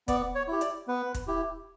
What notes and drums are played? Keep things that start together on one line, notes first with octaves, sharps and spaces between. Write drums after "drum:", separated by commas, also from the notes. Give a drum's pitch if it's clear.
B3 D5, drum: kick, hi-hat
C#5
E4 G4
D5, drum: hi-hat
B3 B4
drum: kick, hi-hat
E4 G4